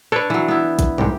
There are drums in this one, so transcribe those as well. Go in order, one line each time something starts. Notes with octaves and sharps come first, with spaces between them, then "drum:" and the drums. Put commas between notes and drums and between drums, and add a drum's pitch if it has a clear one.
D4 A4 B4 C#5 D5
E3 F#3
B3 E4
drum: kick, hi-hat
C2 G#2 G4